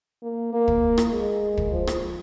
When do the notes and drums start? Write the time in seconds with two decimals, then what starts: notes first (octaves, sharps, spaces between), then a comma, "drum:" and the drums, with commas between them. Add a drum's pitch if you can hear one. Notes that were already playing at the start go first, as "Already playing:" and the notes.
0.22 A#3
0.53 A#3
0.68 drum: kick
0.98 drum: rim click
1.13 G#3
1.57 drum: kick
1.72 F3
1.87 drum: rim click